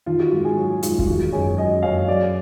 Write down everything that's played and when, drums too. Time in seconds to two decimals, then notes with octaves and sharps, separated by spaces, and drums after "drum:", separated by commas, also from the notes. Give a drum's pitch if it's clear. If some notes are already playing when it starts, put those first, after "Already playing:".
0.06 D#3 F4
0.20 F#4
0.32 G#2 F#4
0.45 G#4
0.57 F#3 F#4
0.83 G#2 F4, drum: hi-hat
0.99 F4, drum: kick E2
1.07 D#3 F#4
1.33 F#2 G#4
1.58 F#3 D#5
1.83 F#2 F5
2.08 F#3 D5